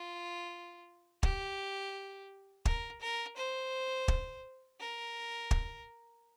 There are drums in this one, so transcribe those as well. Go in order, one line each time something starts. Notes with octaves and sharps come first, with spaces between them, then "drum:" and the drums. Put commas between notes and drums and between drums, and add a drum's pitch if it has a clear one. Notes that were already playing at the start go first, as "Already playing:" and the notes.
Already playing: F4
G4, drum: kick
A#4, drum: kick
A#4
C5
drum: kick
A#4
drum: kick